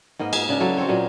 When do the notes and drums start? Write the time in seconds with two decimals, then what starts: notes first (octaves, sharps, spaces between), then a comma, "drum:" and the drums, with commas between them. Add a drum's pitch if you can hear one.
0.19 G#2 A#3 B3 D#5
0.33 G#4, drum: cymbal
0.49 C#3 D4 A#4
0.60 F#3 E4 A4 B4
0.77 C4 A4 C#5 G5
0.88 A#2 F#3 A#3 D#5